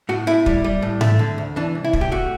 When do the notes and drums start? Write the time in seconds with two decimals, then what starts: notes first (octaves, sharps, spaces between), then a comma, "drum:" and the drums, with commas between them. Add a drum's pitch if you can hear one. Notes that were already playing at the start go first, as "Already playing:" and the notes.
0.09 A2 F#4
0.27 A2 E4
0.46 G3, drum: kick
0.64 G3
0.82 A2
1.01 A3, drum: tom G#2
1.19 D3
1.38 D2
1.56 E3 D4
1.75 C2
1.84 E4
1.93 C2, drum: kick
2.01 G4
2.11 A3 F#4